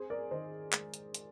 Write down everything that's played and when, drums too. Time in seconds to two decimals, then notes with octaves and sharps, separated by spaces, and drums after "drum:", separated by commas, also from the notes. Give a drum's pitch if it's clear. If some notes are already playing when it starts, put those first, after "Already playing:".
Already playing: C4 G#4 C5
0.10 A#4 D5
0.31 D#3 C5 D#5
0.73 G#3, drum: clap
0.94 drum: hi-hat
1.14 drum: hi-hat